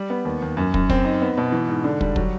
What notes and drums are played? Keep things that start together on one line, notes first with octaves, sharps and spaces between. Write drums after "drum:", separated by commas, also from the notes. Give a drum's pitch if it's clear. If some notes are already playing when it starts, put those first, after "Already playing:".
Already playing: G3
B3
D#2
D#2
F#2
F#2, drum: kick
C4, drum: kick
D#4
B3
B2
E3
G#2
D3
G3, drum: kick
F#3, drum: kick